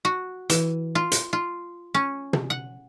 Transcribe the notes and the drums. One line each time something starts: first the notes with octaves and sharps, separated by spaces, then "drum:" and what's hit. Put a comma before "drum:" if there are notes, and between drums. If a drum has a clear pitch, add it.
F#4
E3, drum: hi-hat
F4
drum: hi-hat
F4
C#4
drum: tom
F#5